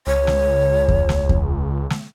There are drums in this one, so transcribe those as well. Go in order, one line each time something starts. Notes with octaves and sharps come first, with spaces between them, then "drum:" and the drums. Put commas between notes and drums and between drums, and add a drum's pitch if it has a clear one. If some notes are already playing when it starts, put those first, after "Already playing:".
C#2 C#5
drum: snare
drum: kick E2
drum: snare
drum: kick E2
drum: snare